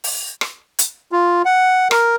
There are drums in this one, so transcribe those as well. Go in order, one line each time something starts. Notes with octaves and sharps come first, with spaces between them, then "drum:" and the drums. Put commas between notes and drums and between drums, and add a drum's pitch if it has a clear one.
drum: open hi-hat
drum: rim click
drum: hi-hat
F4
F#5
A#4, drum: rim click